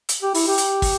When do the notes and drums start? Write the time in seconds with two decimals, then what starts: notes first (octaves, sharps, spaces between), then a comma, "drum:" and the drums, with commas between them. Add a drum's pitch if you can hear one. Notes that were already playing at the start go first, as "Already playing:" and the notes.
0.09 drum: hi-hat
0.22 G4
0.34 E4, drum: open hi-hat
0.48 G4
0.58 drum: hi-hat
0.82 drum: kick, open hi-hat